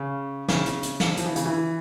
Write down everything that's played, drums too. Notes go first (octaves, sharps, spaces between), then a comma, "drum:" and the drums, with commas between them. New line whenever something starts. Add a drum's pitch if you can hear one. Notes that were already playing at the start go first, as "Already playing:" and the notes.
Already playing: C#3
C#3, drum: snare
drum: hi-hat
drum: hi-hat
drum: snare
F3, drum: hi-hat
E3
C#3, drum: hi-hat
E3